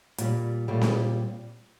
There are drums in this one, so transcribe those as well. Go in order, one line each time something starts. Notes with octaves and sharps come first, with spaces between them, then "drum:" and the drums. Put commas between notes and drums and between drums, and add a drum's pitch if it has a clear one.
A#2 G3, drum: hi-hat
A#2 G3 A3
G#3, drum: snare C4